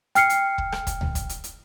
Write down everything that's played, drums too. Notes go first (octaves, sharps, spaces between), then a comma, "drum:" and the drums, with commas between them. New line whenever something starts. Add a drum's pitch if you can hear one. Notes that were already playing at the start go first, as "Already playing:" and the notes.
G5 F6 C7 C#7, drum: hi-hat
drum: hi-hat
drum: kick
drum: rim click
drum: kick, hi-hat
drum: tom C#2
drum: kick, hi-hat
drum: hi-hat
drum: hi-hat